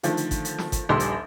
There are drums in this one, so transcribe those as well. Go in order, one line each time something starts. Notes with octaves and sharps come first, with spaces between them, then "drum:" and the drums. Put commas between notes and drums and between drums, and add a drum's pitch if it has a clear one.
D3 D#3 F3 A3, drum: hi-hat
drum: hi-hat
drum: kick G1, hi-hat
drum: hi-hat
drum: snare
drum: kick G1, hi-hat
D#1 A#1 G3 G4 C6 E6
drum: hi-hat